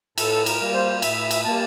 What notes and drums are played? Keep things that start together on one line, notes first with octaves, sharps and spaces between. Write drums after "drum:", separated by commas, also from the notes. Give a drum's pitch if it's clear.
A2 A4, drum: cymbal
A#4, drum: cymbal
G3 A#3
C5
A2 E5, drum: cymbal
drum: cymbal
G3 A#3 A5